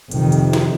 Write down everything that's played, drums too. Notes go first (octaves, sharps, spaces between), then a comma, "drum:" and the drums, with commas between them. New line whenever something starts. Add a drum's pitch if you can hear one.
F2 C3 D#3, drum: hi-hat
drum: hi-hat
drum: snare